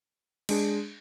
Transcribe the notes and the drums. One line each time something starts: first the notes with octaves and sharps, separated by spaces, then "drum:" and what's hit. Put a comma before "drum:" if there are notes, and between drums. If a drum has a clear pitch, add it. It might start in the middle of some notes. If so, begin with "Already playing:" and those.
G#3 D4 G#4, drum: cymbal